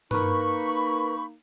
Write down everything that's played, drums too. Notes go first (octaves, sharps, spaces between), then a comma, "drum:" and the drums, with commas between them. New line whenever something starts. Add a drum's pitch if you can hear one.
A#3 D#4 A#4 B4 B5 C#6, drum: tom G2